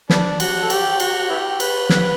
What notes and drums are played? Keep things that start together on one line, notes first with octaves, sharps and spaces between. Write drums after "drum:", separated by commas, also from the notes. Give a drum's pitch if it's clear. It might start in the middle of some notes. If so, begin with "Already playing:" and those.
G3 B3 D4, drum: snare
F#4, drum: cymbal
A4
G4, drum: cymbal
F#4, drum: cymbal
B3 E4 G4
B4, drum: cymbal
B4, drum: snare